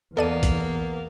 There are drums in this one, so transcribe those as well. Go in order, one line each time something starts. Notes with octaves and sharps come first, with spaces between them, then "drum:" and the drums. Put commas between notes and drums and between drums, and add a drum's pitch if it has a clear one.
E2 A#3 B3 A4 D5 D#7
drum: kick A#1, hi-hat